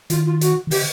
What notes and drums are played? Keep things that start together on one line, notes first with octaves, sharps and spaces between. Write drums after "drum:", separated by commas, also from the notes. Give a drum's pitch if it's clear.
D#3 F4, drum: hi-hat
F4
F#4, drum: hi-hat
D#3
D3 G4, drum: open hi-hat